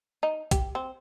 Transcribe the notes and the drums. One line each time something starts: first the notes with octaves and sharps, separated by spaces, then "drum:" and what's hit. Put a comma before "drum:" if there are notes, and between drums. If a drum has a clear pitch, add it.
D#4
G4, drum: kick, hi-hat
C4